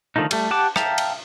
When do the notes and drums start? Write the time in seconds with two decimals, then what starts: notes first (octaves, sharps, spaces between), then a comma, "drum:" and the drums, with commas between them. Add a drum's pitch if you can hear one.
0.16 D3 D#3 F3 A3 D#4
0.31 G3 A3, drum: cymbal
0.50 G4 F#5 A5 D6
0.76 E5 F5 G5 A5 A#5, drum: rim click
0.98 drum: cymbal